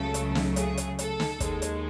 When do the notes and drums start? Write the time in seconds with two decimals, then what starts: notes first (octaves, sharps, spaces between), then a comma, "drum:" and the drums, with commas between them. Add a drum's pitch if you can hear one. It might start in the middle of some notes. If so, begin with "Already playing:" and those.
Already playing: C#2 C#3 F#3 A3 A4
0.14 drum: hi-hat
0.35 drum: snare
0.56 G#4, drum: hi-hat
0.77 drum: hi-hat
0.99 A4, drum: hi-hat
1.20 drum: snare
1.40 D#2 D#3 G#3, drum: kick, hi-hat
1.62 drum: hi-hat